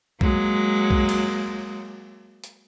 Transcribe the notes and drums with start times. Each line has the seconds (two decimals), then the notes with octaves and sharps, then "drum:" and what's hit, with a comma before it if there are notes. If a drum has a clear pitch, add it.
0.21 F#3 G#3 A#3, drum: kick B1
0.91 drum: kick B1
1.09 drum: cymbal
2.44 drum: hi-hat